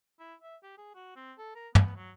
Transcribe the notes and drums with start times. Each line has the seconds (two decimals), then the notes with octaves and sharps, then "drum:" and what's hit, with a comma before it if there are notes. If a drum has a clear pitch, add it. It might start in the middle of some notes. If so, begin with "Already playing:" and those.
0.20 E4
0.42 E5
0.63 G4
0.78 G#4
0.95 F#4
1.16 C4
1.38 A4
1.55 A#4
1.75 B3, drum: tom
1.96 F#3